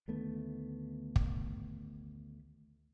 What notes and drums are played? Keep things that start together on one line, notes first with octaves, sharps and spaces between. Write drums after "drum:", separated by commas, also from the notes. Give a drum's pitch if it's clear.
D2 D#3 A3 B3
drum: kick